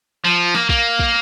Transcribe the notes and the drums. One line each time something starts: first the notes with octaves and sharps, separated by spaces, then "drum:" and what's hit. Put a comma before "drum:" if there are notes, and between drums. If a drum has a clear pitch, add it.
F3
A#3, drum: snare
A#3, drum: kick
drum: kick